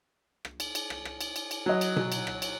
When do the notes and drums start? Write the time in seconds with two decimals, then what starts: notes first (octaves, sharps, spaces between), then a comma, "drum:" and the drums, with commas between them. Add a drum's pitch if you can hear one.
0.45 drum: rim click
0.60 drum: cymbal
0.75 drum: cymbal
0.90 drum: rim click
1.05 drum: rim click
1.21 drum: cymbal
1.36 drum: cymbal
1.51 drum: cymbal
1.66 F#3 D#5
1.81 drum: cymbal
1.96 drum: tom B2
2.12 drum: cymbal
2.27 drum: rim click
2.42 drum: cymbal